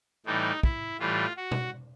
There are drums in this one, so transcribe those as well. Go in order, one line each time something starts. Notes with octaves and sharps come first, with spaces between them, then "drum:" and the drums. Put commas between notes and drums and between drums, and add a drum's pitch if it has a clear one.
A2 E3 G3 D#4
E4, drum: kick
A2 E3 G3 F4
F#4
drum: tom B2